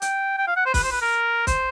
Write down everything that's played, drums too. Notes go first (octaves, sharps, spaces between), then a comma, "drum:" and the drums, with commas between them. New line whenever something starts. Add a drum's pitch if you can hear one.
G5, drum: hi-hat
G5
F5
F#5
C5
B4, drum: kick, open hi-hat
C5
B4
A#4
C5, drum: kick, hi-hat